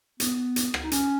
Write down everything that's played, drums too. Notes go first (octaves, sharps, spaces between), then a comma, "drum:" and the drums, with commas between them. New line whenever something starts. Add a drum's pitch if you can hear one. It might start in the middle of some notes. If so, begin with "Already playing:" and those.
B3, drum: hi-hat
drum: hi-hat
drum: rim click
D#4
C#4, drum: hi-hat